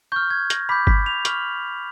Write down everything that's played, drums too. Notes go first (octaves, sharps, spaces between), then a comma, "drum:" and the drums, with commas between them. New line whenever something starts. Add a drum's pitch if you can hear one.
C#6 F6 G6
G#6
A#6, drum: hi-hat
B5 D6 G6 B6
B6, drum: kick G1
F7
C#6 F6 F#7, drum: hi-hat